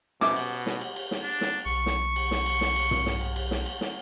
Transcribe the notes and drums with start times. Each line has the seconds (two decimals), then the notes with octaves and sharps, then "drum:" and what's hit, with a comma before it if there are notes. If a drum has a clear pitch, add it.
0.21 B2 C#4 C5 E5 D6, drum: snare
0.36 drum: cymbal
0.66 drum: snare
0.81 drum: cymbal
0.96 drum: cymbal
1.11 drum: snare
1.22 D4
1.41 drum: snare
1.66 B1 C#6
1.86 drum: snare
2.16 drum: cymbal
2.31 drum: snare
2.46 drum: cymbal
2.61 drum: snare
2.76 drum: cymbal
2.91 drum: tom
3.06 drum: snare
3.21 drum: cymbal
3.36 drum: cymbal
3.51 drum: snare
3.66 drum: cymbal
3.81 drum: snare